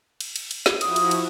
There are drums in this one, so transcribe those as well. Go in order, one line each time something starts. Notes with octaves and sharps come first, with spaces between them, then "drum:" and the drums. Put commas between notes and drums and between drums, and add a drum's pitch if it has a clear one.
drum: cymbal
drum: cymbal
drum: cymbal
drum: snare
F3 E4 F#4 D#6, drum: cymbal
drum: cymbal
drum: cymbal